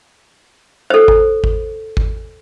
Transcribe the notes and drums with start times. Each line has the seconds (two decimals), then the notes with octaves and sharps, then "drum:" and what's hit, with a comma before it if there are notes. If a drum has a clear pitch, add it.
0.90 A4 C5
1.08 drum: kick
1.44 drum: kick
1.97 drum: kick